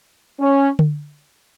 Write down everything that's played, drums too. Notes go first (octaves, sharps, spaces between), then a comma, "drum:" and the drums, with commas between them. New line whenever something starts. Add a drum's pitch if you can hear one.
C#4
drum: tom D3